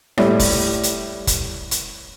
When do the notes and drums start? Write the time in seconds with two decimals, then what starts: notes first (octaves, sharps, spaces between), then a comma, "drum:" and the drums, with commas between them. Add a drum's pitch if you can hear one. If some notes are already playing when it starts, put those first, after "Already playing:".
0.18 A2 G3, drum: rim click
0.39 drum: kick F1, open hi-hat
0.83 drum: hi-hat
1.27 drum: kick F1, hi-hat
1.71 drum: hi-hat